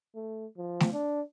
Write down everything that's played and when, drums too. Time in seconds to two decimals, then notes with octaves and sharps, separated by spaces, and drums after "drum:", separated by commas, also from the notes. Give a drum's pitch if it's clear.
0.15 A3
0.57 F3
0.80 drum: snare A3
0.93 D4